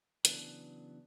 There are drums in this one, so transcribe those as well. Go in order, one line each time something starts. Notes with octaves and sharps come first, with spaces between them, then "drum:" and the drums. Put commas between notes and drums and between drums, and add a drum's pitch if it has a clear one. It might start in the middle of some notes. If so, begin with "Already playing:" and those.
C#3 E3 F#3 B3 D4 G#4, drum: hi-hat